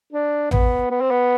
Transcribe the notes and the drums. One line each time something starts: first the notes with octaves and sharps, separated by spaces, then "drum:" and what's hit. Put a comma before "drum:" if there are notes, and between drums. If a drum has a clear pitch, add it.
D4
B3, drum: tom A1
B3
C4
B3